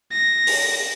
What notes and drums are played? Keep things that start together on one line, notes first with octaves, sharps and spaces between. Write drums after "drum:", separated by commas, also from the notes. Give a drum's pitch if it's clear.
A#6
drum: open hi-hat